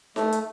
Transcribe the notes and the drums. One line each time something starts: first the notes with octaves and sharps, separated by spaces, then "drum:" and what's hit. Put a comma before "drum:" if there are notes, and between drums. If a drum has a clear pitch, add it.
A3, drum: snare D#4
drum: hi-hat